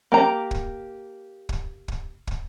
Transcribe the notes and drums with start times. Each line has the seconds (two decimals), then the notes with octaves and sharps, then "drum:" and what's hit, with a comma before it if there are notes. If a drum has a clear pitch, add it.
0.12 A#3 G4 A#5
0.51 drum: kick
1.49 drum: kick
1.88 drum: kick
2.27 drum: kick